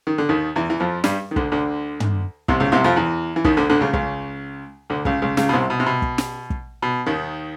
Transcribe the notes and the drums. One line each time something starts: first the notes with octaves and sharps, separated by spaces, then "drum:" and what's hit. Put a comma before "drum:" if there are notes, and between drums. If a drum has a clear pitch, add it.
D#3
D3
D#2 D#3
E2 E3
E3
F2 F3
G2 G3, drum: snare
D#3
D2 D3, drum: kick
D2 D3
drum: tom
C2 C3, drum: kick
C#2 C#3
C2 C3
F2 F3
E2 E3
E3
D#2 D#3, drum: kick
D2 D3
D2 D3
C#2 C#3
C#2 C#3, drum: kick
D2 D3
C#2 C#3, drum: kick
C#2 C#3
C#2 C#3, drum: snare
B2
C2 C3
B2
C3
B2
drum: kick
drum: snare
drum: kick
B2
D#2 D#3